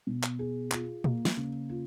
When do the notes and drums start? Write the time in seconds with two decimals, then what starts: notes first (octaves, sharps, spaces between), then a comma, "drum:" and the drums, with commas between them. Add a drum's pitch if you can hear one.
0.07 B2
0.23 drum: clap
0.39 G#4
0.72 F4, drum: clap
1.04 A#3, drum: tom A#2
1.25 drum: snare
1.37 C#3
1.69 F4